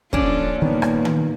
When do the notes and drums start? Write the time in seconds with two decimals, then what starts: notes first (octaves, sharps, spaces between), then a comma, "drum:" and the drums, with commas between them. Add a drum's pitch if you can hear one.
0.13 F3 A#3 C#4 D4 A4, drum: kick
0.62 A#2 D#3 G3 A#3 B3
0.82 drum: rim click
1.05 drum: tom D#3